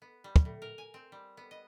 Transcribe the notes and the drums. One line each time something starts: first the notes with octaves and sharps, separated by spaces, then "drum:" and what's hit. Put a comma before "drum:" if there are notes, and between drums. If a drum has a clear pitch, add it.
B3
G3
drum: kick
A2
A#4
G#5
C4
G3
B3
D#5